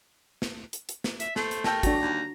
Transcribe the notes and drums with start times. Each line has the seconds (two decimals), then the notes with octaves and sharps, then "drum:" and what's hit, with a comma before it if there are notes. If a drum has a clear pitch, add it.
0.42 drum: snare
0.73 drum: hi-hat
0.89 drum: hi-hat
1.04 drum: snare
1.20 E5, drum: hi-hat
1.36 A3 C5, drum: snare
1.51 drum: hi-hat
1.64 G4 A4 A#4 G5, drum: snare
1.83 D4 F#4 A#5, drum: kick, hi-hat
2.01 D#2